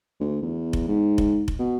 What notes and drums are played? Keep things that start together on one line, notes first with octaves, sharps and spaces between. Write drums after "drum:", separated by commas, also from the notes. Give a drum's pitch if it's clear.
D2
E2
drum: kick F1
G#2
drum: kick F1
drum: kick F1
B2